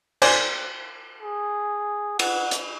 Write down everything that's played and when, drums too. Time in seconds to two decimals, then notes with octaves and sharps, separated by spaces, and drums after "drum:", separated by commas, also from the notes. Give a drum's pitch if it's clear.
0.22 C5 D5 G#5, drum: cymbal
1.22 G#4
2.19 F#5, drum: cymbal
2.51 drum: hi-hat